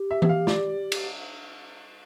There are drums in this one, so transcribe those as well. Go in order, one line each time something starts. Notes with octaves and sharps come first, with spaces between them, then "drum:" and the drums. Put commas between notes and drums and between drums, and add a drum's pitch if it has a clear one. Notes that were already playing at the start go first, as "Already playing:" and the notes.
Already playing: G4
E5
E5, drum: tom E3
F5
D5, drum: snare
drum: cymbal